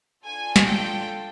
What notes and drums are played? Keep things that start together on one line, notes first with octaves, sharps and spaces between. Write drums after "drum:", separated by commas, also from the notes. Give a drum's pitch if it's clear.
D4 F4 A4 G#5
drum: snare
G5